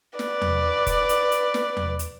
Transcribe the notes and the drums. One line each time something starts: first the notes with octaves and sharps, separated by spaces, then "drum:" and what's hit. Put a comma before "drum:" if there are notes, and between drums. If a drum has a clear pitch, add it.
B4 D5, drum: snare
drum: tom E2
drum: kick, hi-hat
drum: hi-hat
drum: hi-hat
drum: snare
drum: tom E2
drum: hi-hat